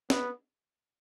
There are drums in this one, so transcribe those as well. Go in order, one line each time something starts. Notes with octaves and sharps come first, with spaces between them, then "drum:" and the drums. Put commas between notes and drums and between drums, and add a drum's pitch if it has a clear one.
B3, drum: snare